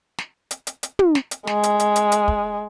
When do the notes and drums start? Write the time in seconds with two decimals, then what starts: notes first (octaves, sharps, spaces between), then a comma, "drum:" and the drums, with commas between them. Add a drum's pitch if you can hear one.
0.18 drum: snare
0.51 drum: hi-hat
0.67 drum: hi-hat
0.83 drum: hi-hat
0.99 drum: tom
1.15 drum: snare
1.31 drum: hi-hat
1.47 G#3, drum: snare
1.63 drum: hi-hat
1.80 drum: hi-hat
1.96 drum: hi-hat
2.12 drum: hi-hat
2.28 drum: kick